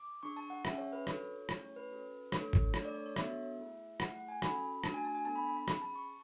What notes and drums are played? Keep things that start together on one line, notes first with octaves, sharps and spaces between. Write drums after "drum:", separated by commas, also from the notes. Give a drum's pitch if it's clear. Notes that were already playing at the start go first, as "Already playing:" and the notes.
Already playing: D6
D4 G#4 C#6
A5
F#5
C#4 G#4 E5, drum: rim click
C#5
B4
D4 F#4 A4 C#5, drum: rim click
A3 C#4 E4 G#4 C#5, drum: rim click
C#5
B4
C#4 F#4 A4
A3 D4 A4 C#5, drum: rim click
drum: kick
A3 D4 A4 C#5, drum: rim click
D5
C#5
C#5
B3 D4 F#4 A4 E5, drum: rim click
A3 E4 G#4
A3 E4 G#4 F#5, drum: rim click
F#5
G#5
C#4 F#4 A4 B5, drum: rim click
A3 D4 F#4 A5, drum: rim click
G#5
A5
G#5
B3 D4 A4 A5
B5
B5
B5
C#4 G#4 B5, drum: rim click
A5
C#6